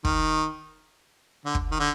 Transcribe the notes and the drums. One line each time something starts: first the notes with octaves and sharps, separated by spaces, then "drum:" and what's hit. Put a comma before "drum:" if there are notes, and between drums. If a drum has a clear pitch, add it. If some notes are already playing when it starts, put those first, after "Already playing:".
D#3, drum: kick
D3
drum: kick
D#3
D3